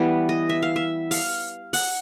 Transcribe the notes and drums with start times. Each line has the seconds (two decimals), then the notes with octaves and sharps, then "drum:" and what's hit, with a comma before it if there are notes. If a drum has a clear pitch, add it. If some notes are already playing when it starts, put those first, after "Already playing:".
Already playing: E3 G3 B3
0.29 D#5
0.49 E5
0.62 F5
0.76 E5
1.11 F5, drum: open hi-hat
1.73 F#5, drum: open hi-hat